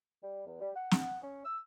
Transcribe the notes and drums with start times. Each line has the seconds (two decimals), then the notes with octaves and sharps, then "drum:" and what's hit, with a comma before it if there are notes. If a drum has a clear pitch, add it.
0.23 G3
0.46 E2
0.61 G3
0.76 F#5
0.91 drum: snare
1.22 C#4
1.45 E6